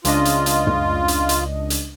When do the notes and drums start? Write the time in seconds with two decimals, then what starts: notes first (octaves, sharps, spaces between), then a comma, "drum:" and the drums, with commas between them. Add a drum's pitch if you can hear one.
0.05 C#2 D4 F4 D#5, drum: hi-hat
0.25 drum: hi-hat
0.46 drum: hi-hat
0.67 drum: tom
1.08 drum: hi-hat
1.29 drum: hi-hat
1.70 drum: hi-hat